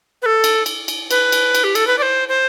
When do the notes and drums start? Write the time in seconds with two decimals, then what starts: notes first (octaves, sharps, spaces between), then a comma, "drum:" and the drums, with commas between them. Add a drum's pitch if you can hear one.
0.22 B4
0.26 A4
0.44 drum: cymbal
0.66 drum: cymbal
0.88 drum: cymbal
1.11 B4, drum: cymbal
1.32 drum: cymbal
1.55 drum: cymbal
1.64 G4
1.75 A4, drum: cymbal
1.87 B4
1.98 D5
2.02 C5
2.29 C5